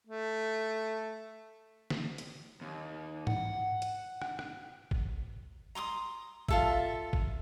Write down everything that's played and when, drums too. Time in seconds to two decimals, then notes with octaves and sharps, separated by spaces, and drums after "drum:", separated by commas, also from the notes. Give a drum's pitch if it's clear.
0.07 A3
1.90 drum: snare
2.18 drum: hi-hat
2.61 D#2
3.27 F#5, drum: tom G#2
3.82 drum: hi-hat
4.22 drum: rim click
4.39 drum: rim click
4.91 drum: kick
5.75 A#5 C6 D6 D#6
6.48 F4 A4 E5, drum: kick
7.13 drum: kick